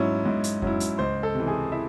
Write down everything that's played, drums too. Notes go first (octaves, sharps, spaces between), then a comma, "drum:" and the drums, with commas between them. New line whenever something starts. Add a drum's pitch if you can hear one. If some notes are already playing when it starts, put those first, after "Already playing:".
Already playing: G#2 F#3 C#4 E4
G#2
drum: hi-hat
F#3 C#4 E4, drum: kick F2
drum: hi-hat
C#2 C5 C6
A4 A5
C3 E3
G#4 G#5
E4 E5